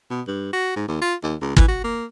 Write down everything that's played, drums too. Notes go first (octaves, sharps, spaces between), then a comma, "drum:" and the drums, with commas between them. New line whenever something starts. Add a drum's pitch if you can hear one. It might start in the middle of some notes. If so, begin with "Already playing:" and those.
B2
G2
F#4
G#2
D#2
F4
D#2
C#2
E3, drum: kick
F#4
A#3